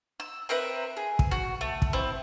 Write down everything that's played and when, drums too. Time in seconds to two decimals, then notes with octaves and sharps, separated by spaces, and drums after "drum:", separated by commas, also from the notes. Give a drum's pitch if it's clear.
0.20 E6
0.49 C4 A#4 B4 E5
0.97 G#4
1.19 drum: kick
1.31 F#4
1.61 A3
1.82 drum: kick
1.93 C4 E4